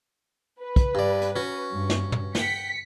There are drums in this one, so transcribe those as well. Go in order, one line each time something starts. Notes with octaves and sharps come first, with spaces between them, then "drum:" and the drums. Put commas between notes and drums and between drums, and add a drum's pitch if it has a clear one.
B4
drum: kick, hi-hat
G2 D5
drum: hi-hat
C#4 F#4
G2
drum: snare
drum: tom
F#5 G5 B6 C#7, drum: snare